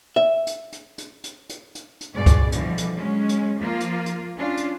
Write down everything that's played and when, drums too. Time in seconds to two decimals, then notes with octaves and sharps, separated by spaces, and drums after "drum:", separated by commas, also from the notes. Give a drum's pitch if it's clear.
0.16 E5
0.47 drum: hi-hat
0.72 drum: hi-hat
0.98 drum: hi-hat
1.24 drum: hi-hat
1.49 drum: hi-hat
1.75 drum: hi-hat
2.01 drum: hi-hat
2.14 G2 B2 G#4 D5
2.26 drum: kick C2, hi-hat
2.52 B2 D3 E3 F3 G3, drum: hi-hat
2.78 drum: hi-hat
2.96 F#3 G#3 C#4
3.29 drum: hi-hat
3.59 F3 A#3 F4
3.80 drum: hi-hat
4.06 drum: hi-hat
4.37 C#4 D4 F4
4.57 drum: hi-hat